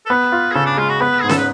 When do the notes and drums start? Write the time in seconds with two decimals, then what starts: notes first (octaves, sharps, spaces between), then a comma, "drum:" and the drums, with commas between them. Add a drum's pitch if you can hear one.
0.06 A4
0.09 B3 B4
0.32 F4
0.51 G#4
0.54 C#3 A4
0.66 D4
0.77 G#3 F4
0.89 F#4
1.00 B3 B4
1.21 G#2 G#4
1.29 A4, drum: snare C#4
1.38 B4